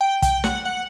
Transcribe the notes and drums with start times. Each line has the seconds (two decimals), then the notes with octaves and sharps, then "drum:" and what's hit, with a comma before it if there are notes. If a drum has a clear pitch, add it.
0.01 G5
0.22 G5, drum: kick, hi-hat
0.44 F#5, drum: snare
0.65 F#5